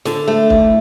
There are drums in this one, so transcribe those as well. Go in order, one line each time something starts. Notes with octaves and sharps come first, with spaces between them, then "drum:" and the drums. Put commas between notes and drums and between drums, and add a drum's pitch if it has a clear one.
D3, drum: snare
A3
E2, drum: kick